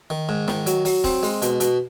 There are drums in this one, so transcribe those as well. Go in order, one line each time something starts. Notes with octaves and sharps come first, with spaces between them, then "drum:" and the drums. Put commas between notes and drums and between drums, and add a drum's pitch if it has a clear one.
D#3
G#2
D#3, drum: snare
F#3, drum: hi-hat
F#3, drum: open hi-hat
C4, drum: kick, open hi-hat
G#3, drum: open hi-hat
B2, drum: hi-hat
B2, drum: hi-hat